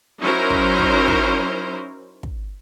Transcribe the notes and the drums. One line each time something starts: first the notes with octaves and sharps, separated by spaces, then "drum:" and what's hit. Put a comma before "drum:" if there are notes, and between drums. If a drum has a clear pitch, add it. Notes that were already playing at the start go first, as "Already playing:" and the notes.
F#3 C#4 D#4 E4 A#4 C5
drum: kick
drum: kick
drum: kick
drum: kick